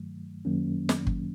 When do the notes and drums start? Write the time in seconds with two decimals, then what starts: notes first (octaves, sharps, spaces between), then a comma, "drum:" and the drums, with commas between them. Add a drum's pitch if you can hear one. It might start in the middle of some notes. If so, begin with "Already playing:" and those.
Already playing: G2 D#3 F#3 A3
0.45 F#2 D#3 F#3 A#3 C#4
0.89 drum: snare
1.07 drum: kick G1